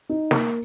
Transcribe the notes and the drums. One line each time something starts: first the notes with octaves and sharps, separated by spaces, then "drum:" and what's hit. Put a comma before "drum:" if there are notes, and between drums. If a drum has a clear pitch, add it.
D#4
A#3, drum: snare